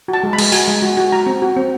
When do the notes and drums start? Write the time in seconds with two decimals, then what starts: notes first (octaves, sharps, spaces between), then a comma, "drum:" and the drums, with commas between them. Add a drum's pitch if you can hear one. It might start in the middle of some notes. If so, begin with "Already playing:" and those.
0.08 F#4
0.13 A5
0.23 G#3
0.33 B5
0.39 G#3, drum: cymbal
0.52 F#4 G#5, drum: open hi-hat
0.67 G#3
0.82 F#4
0.97 F#4
1.12 F#4 A#5
1.26 C4
1.42 F#4
1.56 C4